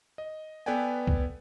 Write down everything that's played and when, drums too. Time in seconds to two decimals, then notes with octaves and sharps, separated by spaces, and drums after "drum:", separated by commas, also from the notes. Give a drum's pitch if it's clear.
0.18 D#5
0.66 B3 A4 B4 D5 G5 G#5
1.07 drum: kick C2